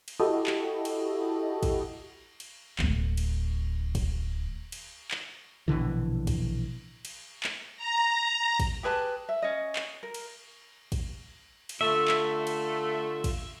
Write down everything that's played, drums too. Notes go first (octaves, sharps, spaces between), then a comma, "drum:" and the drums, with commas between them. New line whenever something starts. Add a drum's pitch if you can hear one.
drum: cymbal
E4 F#4 G4 A4 D#5
drum: clap
drum: cymbal
drum: kick, cymbal
drum: cymbal
D1 D2, drum: clap
drum: cymbal
drum: kick, cymbal
drum: cymbal
drum: clap
A#1 B2 D3 E3
drum: kick, cymbal
drum: cymbal
drum: clap
A#5
drum: kick, cymbal
G4 G#4 B4 A5
E5
C#4 D#5
drum: clap
A#4
drum: cymbal
drum: kick, cymbal
drum: cymbal
D3 A3 F4 E5
drum: clap
drum: cymbal
drum: kick, cymbal